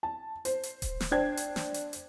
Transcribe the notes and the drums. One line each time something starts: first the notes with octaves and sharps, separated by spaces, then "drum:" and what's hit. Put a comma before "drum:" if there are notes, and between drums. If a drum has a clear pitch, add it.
A5
C5, drum: hi-hat
drum: hi-hat
drum: kick D#1, hi-hat
drum: snare
D4 C5 G5 G#6
drum: hi-hat
drum: snare
drum: hi-hat
drum: hi-hat